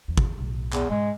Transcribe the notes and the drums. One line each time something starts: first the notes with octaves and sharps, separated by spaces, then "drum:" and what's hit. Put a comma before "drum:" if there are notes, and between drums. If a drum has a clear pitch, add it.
E2
drum: kick
B1 A2
E2, drum: clap
G#2 C#3 G#3